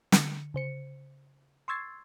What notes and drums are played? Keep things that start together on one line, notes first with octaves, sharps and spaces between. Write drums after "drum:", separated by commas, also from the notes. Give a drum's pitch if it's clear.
D3 C#7, drum: snare
C#3 C5 C#7
C6 C#6 E6 G#6 A6 C7